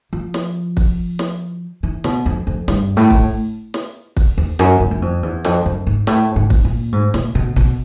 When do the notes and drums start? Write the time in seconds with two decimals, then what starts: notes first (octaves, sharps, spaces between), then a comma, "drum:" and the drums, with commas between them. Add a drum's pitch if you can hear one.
0.13 F3
0.34 drum: snare
0.77 drum: kick
1.19 drum: snare
1.83 E3
2.04 B2, drum: snare
2.26 F2
2.47 F2
2.68 G2, drum: snare
2.97 A2
3.10 drum: kick
3.74 drum: snare
4.17 drum: kick
4.38 E2
4.59 F#2, drum: snare
4.80 F#2
4.91 F#2
5.02 F2
5.23 E2
5.45 F2, drum: snare
5.66 F#2
5.87 G#2
6.07 A2, drum: snare
6.36 G#2
6.50 drum: kick
6.65 A#2
6.92 G#2
7.14 A#2, drum: snare
7.35 B2
7.56 B2, drum: kick